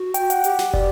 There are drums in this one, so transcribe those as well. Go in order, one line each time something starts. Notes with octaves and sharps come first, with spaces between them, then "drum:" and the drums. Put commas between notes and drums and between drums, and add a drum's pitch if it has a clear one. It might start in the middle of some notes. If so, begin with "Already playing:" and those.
Already playing: F#4
G5, drum: hi-hat
F#5, drum: hi-hat
G4, drum: hi-hat
drum: snare
G4 D5, drum: kick